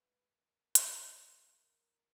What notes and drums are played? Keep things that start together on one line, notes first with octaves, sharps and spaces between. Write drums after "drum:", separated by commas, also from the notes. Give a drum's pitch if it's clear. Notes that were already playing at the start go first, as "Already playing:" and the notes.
Already playing: G#3 C4 F4 B4
A#4
G#3 C4 F4, drum: hi-hat